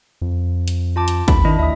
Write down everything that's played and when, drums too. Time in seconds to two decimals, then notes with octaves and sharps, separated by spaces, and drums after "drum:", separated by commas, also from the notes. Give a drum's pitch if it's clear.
0.21 F2
0.68 drum: hi-hat
0.96 F4 A5 D6
1.08 drum: hi-hat
1.28 D#2 B5, drum: kick, hi-hat
1.45 D#3 D4 E4 D#5
1.59 D2 E5 D#6